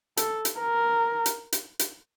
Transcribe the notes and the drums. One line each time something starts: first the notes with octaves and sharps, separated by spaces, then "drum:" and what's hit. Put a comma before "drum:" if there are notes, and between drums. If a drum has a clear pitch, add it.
A4, drum: hi-hat
drum: hi-hat
A#4
drum: hi-hat
drum: hi-hat
drum: hi-hat